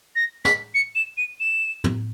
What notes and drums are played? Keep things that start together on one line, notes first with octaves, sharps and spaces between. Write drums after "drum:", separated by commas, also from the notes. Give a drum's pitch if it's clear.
A#6
B6, drum: snare
C#7
E7
D#7
E7
drum: tom